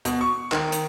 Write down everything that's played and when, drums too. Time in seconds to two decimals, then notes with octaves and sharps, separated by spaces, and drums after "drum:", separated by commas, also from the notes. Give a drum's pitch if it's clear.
0.05 B2, drum: hi-hat
0.21 C#6
0.52 D#3, drum: clap
0.72 drum: hi-hat